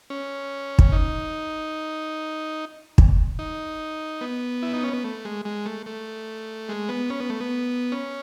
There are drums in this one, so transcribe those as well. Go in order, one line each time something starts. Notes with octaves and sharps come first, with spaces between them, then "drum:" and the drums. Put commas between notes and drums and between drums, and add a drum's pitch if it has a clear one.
C#4
drum: kick
D#4
drum: kick
D#4
B3
E4
D#4
C#4
B3
A3
G#3
G#3
A3
A3
G#3
B3
C#4
B3
A3
B3
C#4